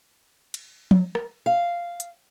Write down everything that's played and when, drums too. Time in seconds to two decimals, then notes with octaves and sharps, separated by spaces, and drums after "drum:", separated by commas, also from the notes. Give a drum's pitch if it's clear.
0.54 drum: cymbal
0.91 drum: tom F3
1.15 drum: rim click
1.46 F5
2.00 drum: hi-hat